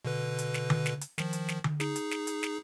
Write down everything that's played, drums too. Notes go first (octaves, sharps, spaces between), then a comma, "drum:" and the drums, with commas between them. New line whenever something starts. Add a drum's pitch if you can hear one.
B2 D3 B4
drum: hi-hat
drum: snare
drum: tom D3
drum: snare
drum: hi-hat
D#3 F3, drum: snare
drum: hi-hat
drum: snare
drum: tom D3
D#4 G#4, drum: snare
drum: hi-hat
drum: snare
drum: hi-hat
drum: snare